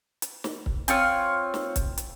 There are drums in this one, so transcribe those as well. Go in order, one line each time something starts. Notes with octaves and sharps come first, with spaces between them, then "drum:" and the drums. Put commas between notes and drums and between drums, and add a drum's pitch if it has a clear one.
drum: hi-hat
drum: snare
drum: kick C#1
C4 F4 C#5 F6, drum: hi-hat
drum: snare
drum: kick C#1, hi-hat
drum: hi-hat